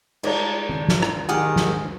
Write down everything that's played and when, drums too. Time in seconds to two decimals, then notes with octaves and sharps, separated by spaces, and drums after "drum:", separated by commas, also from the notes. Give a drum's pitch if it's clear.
0.23 G3 G#3 D#4 D5 A#5, drum: cymbal
0.69 drum: tom D#3
0.88 drum: snare
1.02 drum: rim click
1.29 D#3 G#3 G4 G#4 F#5 G#5 D#6 F6
1.56 drum: snare